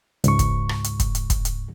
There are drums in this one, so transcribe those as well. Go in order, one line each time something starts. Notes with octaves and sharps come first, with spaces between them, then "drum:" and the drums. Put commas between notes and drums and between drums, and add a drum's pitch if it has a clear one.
C#2 G#2 C#6, drum: hi-hat
drum: kick, hi-hat
drum: rim click
drum: hi-hat
drum: kick, hi-hat
drum: hi-hat
drum: kick, hi-hat
drum: hi-hat